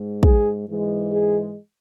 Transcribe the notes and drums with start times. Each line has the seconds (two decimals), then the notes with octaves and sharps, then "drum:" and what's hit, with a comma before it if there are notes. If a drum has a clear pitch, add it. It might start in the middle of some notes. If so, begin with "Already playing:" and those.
Already playing: G#2 G#3
0.23 G#4, drum: kick
0.67 G#2 E3 G#3
1.12 G#4